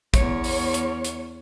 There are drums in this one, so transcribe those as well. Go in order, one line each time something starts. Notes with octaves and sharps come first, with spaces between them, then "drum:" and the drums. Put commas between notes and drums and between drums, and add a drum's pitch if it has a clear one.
E2 C#5, drum: kick A1, hi-hat
drum: open hi-hat
drum: hi-hat
drum: hi-hat